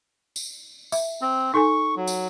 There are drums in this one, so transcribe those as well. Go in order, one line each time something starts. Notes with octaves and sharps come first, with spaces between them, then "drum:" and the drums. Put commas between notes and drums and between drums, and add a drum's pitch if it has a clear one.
drum: tambourine
E5, drum: tambourine
C4
D#4 A4 G#5 C#6
F#3
drum: tambourine